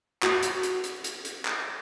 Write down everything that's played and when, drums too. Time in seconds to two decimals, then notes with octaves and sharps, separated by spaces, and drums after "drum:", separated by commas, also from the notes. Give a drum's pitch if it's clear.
0.23 F#4, drum: clap
0.43 drum: hi-hat
0.63 drum: hi-hat
0.84 drum: hi-hat
1.04 drum: hi-hat
1.25 drum: hi-hat
1.45 drum: clap